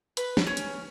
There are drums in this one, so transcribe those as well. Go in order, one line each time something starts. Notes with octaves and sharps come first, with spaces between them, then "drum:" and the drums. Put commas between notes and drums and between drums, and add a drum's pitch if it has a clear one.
B4, drum: hi-hat
drum: snare
C#4
drum: hi-hat